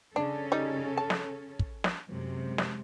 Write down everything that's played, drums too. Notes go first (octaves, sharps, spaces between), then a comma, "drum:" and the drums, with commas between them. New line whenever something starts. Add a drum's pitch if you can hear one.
C#3 C#4 D4 A4
G3 D#4
A5
drum: snare
drum: kick
drum: snare
F#2 C3 G#3
drum: snare